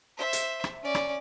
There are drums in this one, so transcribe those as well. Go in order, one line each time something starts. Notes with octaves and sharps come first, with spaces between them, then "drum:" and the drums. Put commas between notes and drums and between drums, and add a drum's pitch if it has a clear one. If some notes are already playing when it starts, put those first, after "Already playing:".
C5 E5
drum: hi-hat
drum: rim click
C#4 D5
drum: rim click